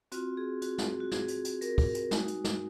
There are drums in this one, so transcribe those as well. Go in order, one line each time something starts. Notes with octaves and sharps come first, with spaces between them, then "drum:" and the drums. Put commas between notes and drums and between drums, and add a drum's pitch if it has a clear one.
C4 F4 F#4, drum: hi-hat
G#4
F#4, drum: hi-hat
drum: snare
F#4
G#4, drum: snare
drum: hi-hat
drum: hi-hat
A#4, drum: hi-hat
drum: kick, open hi-hat
drum: hi-hat
G#3 D#4 F#4, drum: snare
drum: hi-hat
drum: snare